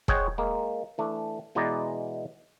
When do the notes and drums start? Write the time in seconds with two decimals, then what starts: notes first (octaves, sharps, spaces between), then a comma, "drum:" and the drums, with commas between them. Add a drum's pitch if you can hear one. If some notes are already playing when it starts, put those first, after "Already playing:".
0.08 G#4 C5 C#5 D#5 F#5 G5, drum: kick
0.38 G#3 A#3
0.98 E3 A3 D4
1.55 B2 E3 G#3 B3 D5 A#5